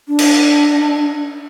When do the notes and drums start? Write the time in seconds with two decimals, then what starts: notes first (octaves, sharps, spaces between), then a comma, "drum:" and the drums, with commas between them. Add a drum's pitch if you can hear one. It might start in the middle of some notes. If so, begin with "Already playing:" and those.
0.08 D4
0.19 drum: cymbal